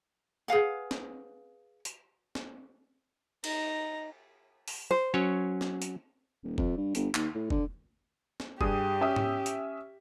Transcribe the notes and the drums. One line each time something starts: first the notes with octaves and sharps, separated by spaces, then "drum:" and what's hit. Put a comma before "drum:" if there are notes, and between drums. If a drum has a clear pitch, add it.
G#4 B4 F5 F#5
drum: snare
drum: hi-hat
drum: snare
D#4 A#5, drum: cymbal
drum: open hi-hat
C5
F#3 C#4 C#5
drum: snare
drum: hi-hat
D#1
F2, drum: kick
G2
G1, drum: hi-hat
D#2, drum: clap
A2
D3, drum: kick
drum: snare
G2 G4 G#4 D#6, drum: kick
C#4 E5 D#6
drum: tom G#2
drum: hi-hat